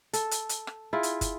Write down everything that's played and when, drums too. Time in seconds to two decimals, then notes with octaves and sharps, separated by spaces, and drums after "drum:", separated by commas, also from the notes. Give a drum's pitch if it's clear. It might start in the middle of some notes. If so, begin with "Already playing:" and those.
0.13 A4, drum: hi-hat
0.31 drum: hi-hat
0.49 drum: hi-hat
0.67 drum: rim click
0.93 E4 F4 G#4
1.03 drum: hi-hat
1.21 drum: kick, hi-hat